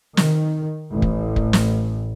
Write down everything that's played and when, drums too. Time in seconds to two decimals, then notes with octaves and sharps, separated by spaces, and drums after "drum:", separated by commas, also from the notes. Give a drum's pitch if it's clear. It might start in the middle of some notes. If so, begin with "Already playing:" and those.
0.17 D#3, drum: snare
0.93 A1
1.02 drum: kick
1.36 drum: kick
1.53 drum: snare